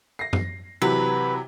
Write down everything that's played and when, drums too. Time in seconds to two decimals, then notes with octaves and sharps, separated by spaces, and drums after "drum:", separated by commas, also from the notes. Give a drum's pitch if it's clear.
0.19 A#6 C7
0.33 drum: tom F#2
0.82 C3 E3 F#3 B4